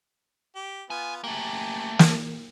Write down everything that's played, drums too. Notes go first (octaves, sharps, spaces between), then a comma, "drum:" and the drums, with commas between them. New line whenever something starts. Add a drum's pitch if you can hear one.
G4
B3 F4 G#5
A3 A#3 G4 G#5
drum: snare